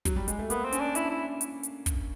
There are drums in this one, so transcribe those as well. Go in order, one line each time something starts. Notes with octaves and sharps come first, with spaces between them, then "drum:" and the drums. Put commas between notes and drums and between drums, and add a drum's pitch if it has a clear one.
F#3, drum: kick, hi-hat
G3
G#3, drum: hi-hat
A3
A#3 B3, drum: hi-hat
C4
C#4, drum: hi-hat
D4
D4 E4, drum: hi-hat
E4
drum: hi-hat
drum: hi-hat
drum: kick, hi-hat